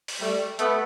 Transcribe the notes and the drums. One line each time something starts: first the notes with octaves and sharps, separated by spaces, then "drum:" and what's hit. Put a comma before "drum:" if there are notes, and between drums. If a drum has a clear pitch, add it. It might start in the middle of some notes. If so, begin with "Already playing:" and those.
drum: open hi-hat
G3 A3
A3 B3, drum: hi-hat